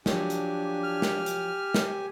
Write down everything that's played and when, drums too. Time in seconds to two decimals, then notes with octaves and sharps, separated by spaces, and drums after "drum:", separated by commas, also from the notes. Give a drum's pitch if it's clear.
0.06 F3 F#3 D4 G4 G#5, drum: snare
0.30 drum: hi-hat
0.83 F6
1.02 drum: snare
1.26 drum: hi-hat
1.74 drum: snare